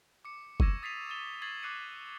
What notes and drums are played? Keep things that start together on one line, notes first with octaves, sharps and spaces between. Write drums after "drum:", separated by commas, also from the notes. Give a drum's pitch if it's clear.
D6 C#7
C#6 D6 E6 G#6 A#6 E7, drum: kick
D#6 A6 B6 C7 D#7 F7
D#6 A6 E7 G7
C#6 G#6 A6 C7 F#7
C#6 D6 F#6 C7 C#7 D#7